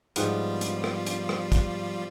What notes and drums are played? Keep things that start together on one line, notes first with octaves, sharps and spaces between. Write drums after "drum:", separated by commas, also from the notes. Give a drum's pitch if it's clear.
G#2 F3 G3 B3 F4 G5, drum: hi-hat
drum: hi-hat
drum: rim click
drum: hi-hat
drum: rim click
drum: kick, hi-hat